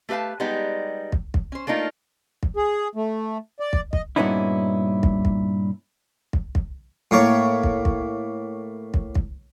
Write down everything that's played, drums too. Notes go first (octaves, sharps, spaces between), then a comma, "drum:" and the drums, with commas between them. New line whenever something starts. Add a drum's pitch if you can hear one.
A3 G4 B4 F5 A5
G3 G#3 B3 D#4 G4
drum: kick
drum: kick
C#4 C5
A3 A#3 D4 D#4 F4
drum: kick
G#4
A3
D5
drum: kick
D#5, drum: kick
G2 A#2 B3 C#4 D#4 E4
drum: kick
drum: kick
drum: kick
drum: kick
A2 A#3 C#5
drum: kick
drum: kick
drum: kick
drum: kick